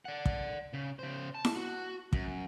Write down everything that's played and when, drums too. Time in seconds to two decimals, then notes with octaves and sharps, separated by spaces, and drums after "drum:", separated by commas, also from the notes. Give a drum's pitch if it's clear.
0.05 D5 F#5
0.26 drum: kick
0.74 C#3
0.99 C#3 C5
1.35 A5
1.45 drum: snare E4
1.56 F#4
2.13 F#2, drum: kick